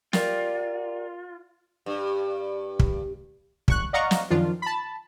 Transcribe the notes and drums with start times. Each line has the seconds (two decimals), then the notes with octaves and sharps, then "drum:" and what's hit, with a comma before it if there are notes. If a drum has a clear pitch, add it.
0.13 F4 G4 A#4 D5, drum: snare
1.86 G2
2.79 drum: kick
3.68 G1 C#6 F#6, drum: kick
3.93 D5 D#5 F5 F#5 A#5 C#6
4.11 drum: snare
4.30 F#2 D#3 F3 D4 F4
4.62 A5 B5